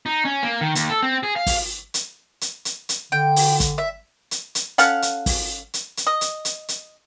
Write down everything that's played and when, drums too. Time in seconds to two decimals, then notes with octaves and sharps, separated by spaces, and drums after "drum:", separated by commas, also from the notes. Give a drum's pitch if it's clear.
0.06 D#4
0.25 C#4
0.43 A#3
0.61 D#3
0.75 D#2, drum: hi-hat
0.90 A4
1.02 C4
1.23 G#4
1.36 F5
1.46 drum: kick, open hi-hat
1.94 drum: hi-hat
2.41 drum: hi-hat
2.65 drum: hi-hat
2.89 drum: hi-hat
3.12 D3 G5
3.36 drum: open hi-hat
3.60 drum: kick, hi-hat
3.78 E5
4.31 drum: hi-hat
4.55 drum: hi-hat
4.78 C#4 A4 F5 F#5, drum: hi-hat
5.02 drum: hi-hat
5.26 drum: kick, open hi-hat
5.74 drum: hi-hat
5.97 drum: hi-hat
6.07 D#5
6.21 drum: hi-hat
6.45 drum: hi-hat
6.68 drum: hi-hat